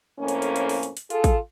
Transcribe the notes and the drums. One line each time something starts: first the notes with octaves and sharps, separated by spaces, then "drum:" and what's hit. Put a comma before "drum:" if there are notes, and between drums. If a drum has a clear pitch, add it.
F2 A2 A#3 C#4
drum: hi-hat
drum: hi-hat
drum: hi-hat
drum: open hi-hat
drum: hi-hat
drum: hi-hat
F4 G#4 A4, drum: hi-hat
drum: kick, hi-hat